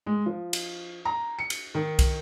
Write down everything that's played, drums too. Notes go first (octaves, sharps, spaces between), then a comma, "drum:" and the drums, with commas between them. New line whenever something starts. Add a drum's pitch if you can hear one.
G#3
F3
drum: cymbal
A#5
C#7
drum: cymbal
D#3
drum: kick, cymbal